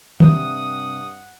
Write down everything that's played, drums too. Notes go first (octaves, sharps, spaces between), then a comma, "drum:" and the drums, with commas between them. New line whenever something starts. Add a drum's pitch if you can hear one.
G2 C3 F#5 D#6, drum: tom